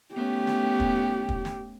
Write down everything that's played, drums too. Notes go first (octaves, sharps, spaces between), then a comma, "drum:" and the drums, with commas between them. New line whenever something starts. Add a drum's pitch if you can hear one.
A3 B3 C#4 G4
drum: snare
drum: kick
drum: kick
drum: snare